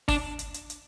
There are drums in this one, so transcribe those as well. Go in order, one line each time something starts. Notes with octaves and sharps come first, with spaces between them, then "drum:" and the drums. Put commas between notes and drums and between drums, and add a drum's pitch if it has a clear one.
D4, drum: kick, open hi-hat
drum: hi-hat
drum: hi-hat
drum: hi-hat